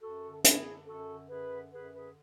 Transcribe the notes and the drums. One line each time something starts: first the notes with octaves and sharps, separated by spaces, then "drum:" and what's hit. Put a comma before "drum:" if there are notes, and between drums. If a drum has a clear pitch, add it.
F#2 F#4 A4
D3
A4
F#2 E4 G#4, drum: hi-hat
D3
F#2 F#4 A4
D3
F#2 G#4 B4
D3
F#2 G#4 B4
D3 G#4 B4